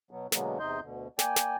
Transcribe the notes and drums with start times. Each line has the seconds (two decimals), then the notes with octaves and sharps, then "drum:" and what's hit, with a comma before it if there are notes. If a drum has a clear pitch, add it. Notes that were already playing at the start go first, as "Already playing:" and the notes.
0.11 B2 F#3 B3
0.32 B2 D3 F#3 G#3 A#3 B3, drum: snare
0.60 E2 C3 D#4 D#5 C6 G6
0.83 D2 B2 D3
1.19 A#3 D5 G5 G#5, drum: snare
1.36 drum: snare